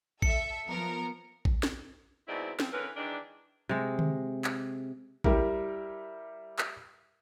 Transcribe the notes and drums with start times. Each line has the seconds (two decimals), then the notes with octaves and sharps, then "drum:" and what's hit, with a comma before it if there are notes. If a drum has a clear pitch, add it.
0.22 A4 E5 C#7, drum: kick A1
0.69 F3 B3 A#4
1.45 drum: kick A1
1.63 drum: snare
2.28 G#2 B2 G#3 C4 E4 D5
2.60 F3 C4, drum: snare
2.72 D3 E3 C#4 A#4 B4
2.96 D#3 E3 G#3 D4
3.69 C3 G#3
3.99 drum: tom D3
4.44 drum: clap
5.24 G3 E4 G4 A#4, drum: kick A1
6.59 drum: clap